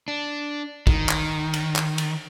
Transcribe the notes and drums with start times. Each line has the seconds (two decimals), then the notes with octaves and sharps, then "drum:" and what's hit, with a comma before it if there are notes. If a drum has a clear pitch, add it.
0.08 D4
0.87 D#3, drum: kick
1.09 drum: clap
1.54 drum: cymbal
1.76 drum: clap
1.98 drum: cymbal